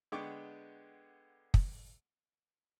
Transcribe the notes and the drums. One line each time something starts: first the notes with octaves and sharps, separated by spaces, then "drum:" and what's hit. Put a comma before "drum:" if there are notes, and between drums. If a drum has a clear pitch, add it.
D3 G#3 B3 G5 C#6 D6
drum: kick